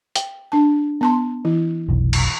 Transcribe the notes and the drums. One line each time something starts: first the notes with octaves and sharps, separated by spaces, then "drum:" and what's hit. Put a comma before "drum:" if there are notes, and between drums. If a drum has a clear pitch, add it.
G5, drum: hi-hat
D4 A5
B3 A5 C6
E3 E4
F1 B1
drum: cymbal